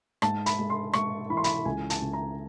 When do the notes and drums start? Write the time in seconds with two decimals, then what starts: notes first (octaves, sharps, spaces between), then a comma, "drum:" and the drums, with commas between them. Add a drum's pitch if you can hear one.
0.22 G#2 A5, drum: rim click
0.46 B5, drum: hi-hat
0.59 G#3
0.70 C6
0.93 G#3 C#6, drum: rim click
1.30 E3 B5
1.37 C6
1.44 B5, drum: hi-hat
1.65 C#2 G#5
1.90 A5, drum: hi-hat
2.02 C#2
2.13 A#5